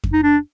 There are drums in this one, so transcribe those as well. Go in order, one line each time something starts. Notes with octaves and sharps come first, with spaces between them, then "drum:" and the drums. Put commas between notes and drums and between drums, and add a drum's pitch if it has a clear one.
drum: kick F2
D#4
D4